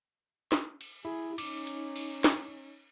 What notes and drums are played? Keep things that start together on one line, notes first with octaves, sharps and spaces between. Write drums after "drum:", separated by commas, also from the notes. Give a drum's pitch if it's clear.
drum: snare
drum: cymbal
E4 G#4
C#4 D#4 D6, drum: cymbal
drum: cymbal
drum: cymbal
drum: snare